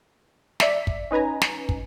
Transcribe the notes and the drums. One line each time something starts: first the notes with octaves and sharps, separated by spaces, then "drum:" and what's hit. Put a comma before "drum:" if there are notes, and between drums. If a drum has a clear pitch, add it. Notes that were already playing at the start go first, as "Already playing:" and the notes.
D5 E5 B6, drum: snare
drum: kick
C#4 D#4 B4 G#5 A#5
drum: snare
drum: kick